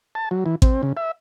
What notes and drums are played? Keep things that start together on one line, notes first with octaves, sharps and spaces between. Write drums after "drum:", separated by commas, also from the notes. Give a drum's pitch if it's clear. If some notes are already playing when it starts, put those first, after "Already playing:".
A5
F#3
E3
C4, drum: kick A1
C#3
E5